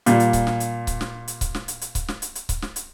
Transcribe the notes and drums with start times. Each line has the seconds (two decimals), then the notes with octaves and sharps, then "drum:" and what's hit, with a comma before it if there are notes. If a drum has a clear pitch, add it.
0.06 A#2 G3, drum: hi-hat
0.20 drum: hi-hat
0.33 drum: kick C#1, hi-hat
0.47 drum: snare
0.60 drum: hi-hat
0.87 drum: kick C#1, hi-hat
1.01 drum: snare
1.28 drum: hi-hat
1.41 drum: kick C#1, hi-hat
1.55 drum: snare
1.68 drum: hi-hat
1.81 drum: hi-hat
1.95 drum: kick C#1, hi-hat
2.08 drum: snare
2.22 drum: hi-hat
2.35 drum: hi-hat
2.49 drum: kick C#1, hi-hat
2.62 drum: snare
2.76 drum: hi-hat